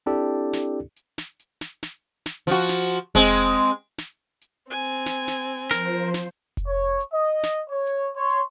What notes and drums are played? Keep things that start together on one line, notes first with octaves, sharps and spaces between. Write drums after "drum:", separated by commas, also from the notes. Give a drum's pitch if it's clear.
C4 D4 E4 G4 A4 D5
drum: snare
drum: hi-hat
drum: snare
drum: hi-hat
drum: snare
drum: snare
drum: snare
F3 F#4
drum: snare
G#3 C4, drum: kick F1, hi-hat
drum: hi-hat
drum: snare
drum: hi-hat
C4 G#5
drum: hi-hat
drum: snare
drum: snare
F3 A#4 C5, drum: snare
drum: snare
drum: kick F1, hi-hat
C#5
drum: hi-hat
D#5
drum: snare
C#5
drum: hi-hat
C#5 C6
drum: hi-hat